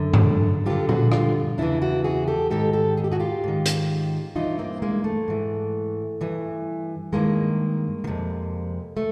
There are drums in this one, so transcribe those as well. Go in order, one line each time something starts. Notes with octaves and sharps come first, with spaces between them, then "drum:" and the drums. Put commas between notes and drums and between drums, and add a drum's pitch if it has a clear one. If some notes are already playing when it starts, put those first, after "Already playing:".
Already playing: F#2 D3
drum: tom G2
G2 D3 F4 G4
F#4 G#4, drum: tom A#2
F4 G4, drum: rim click
E2 C#3 E3 D4 E4
E4 F#4
F#4 G#4
G4 A4
G#2 D#3 G4 A4
G4 A4
G#4
G4
F#4 G#4
F4 G4
G#2 D#3
drum: hi-hat
G2 E3 D#4 F4
A#3 C4
G#3 A#3
A3
G#2 E3
G2 E3
G2 D#3 G#3 A#3
D#3
F2 C3
A3